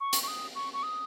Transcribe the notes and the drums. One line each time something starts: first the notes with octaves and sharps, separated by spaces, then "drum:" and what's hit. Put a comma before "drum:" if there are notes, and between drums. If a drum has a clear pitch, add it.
C#6
drum: hi-hat
C#6
D#6
C#6
C#6
D#6